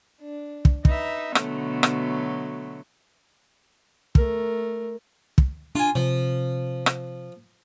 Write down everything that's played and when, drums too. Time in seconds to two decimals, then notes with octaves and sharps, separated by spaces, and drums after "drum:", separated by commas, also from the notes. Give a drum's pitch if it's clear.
0.21 D4
0.65 drum: kick
0.85 D#4 B4 E5, drum: kick
1.35 B2 D3 F#3 A3 B3, drum: rim click
1.83 drum: rim click
4.15 A3 A#4, drum: kick
5.38 drum: kick
5.75 D4 F4 G#5
5.95 C3 F3
6.86 drum: rim click